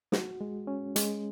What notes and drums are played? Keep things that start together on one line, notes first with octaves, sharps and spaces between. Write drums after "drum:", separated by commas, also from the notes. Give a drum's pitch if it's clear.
F#4, drum: snare
G#3
C#4
G#3, drum: hi-hat